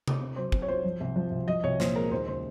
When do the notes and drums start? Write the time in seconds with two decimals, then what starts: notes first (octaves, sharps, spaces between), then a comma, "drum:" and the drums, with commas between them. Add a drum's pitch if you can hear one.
0.08 drum: tom C3
0.21 C4
0.36 F#3 C5
0.52 C4, drum: kick
0.62 C#5
0.68 F4 C5
0.84 F3
1.00 C2
1.16 F3
1.31 C2
1.48 F3 D#5
1.63 C2 C#5
1.80 A#2 C5, drum: snare
1.96 G#3 A#4
2.11 D#2 C5
2.27 C#3 C5